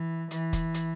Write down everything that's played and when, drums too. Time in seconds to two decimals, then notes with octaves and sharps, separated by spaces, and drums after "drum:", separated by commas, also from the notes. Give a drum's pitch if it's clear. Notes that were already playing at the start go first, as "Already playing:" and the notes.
Already playing: E3
0.31 E3, drum: hi-hat
0.53 drum: kick F1, hi-hat
0.74 drum: hi-hat